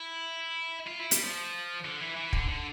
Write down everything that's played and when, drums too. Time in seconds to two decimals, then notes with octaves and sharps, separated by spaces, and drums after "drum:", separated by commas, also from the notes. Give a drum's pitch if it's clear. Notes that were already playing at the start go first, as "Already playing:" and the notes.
Already playing: E4
0.87 F4
0.99 E4
1.11 G3, drum: hi-hat
1.23 F3
1.84 D3
2.00 E3
2.16 E3
2.33 D3, drum: kick
2.49 D3